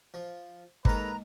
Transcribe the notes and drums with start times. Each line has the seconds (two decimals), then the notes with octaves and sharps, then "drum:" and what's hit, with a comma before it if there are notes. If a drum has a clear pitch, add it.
0.14 F3
0.85 G#2 D#3 G#3 A#3 A4 B4 D#5 A#5, drum: kick